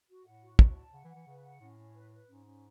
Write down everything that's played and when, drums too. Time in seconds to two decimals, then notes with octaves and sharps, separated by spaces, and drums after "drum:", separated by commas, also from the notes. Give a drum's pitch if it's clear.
0.08 F#4
0.25 A2 F#5
0.42 F#4
0.59 F#4, drum: kick
0.76 A5
0.93 C#3 F#5
1.04 E3
1.10 F#5
1.15 E3
1.27 C#3 B4
1.43 F#5
1.60 A2 C#4
1.78 C#4
1.94 B4
2.11 B4
2.28 G#2 C#4
2.45 C#4